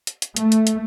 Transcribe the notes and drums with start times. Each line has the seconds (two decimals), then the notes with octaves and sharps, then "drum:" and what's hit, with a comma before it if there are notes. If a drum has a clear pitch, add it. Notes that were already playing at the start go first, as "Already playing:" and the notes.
0.07 drum: hi-hat
0.22 drum: hi-hat
0.36 A3, drum: hi-hat
0.52 drum: hi-hat
0.67 drum: hi-hat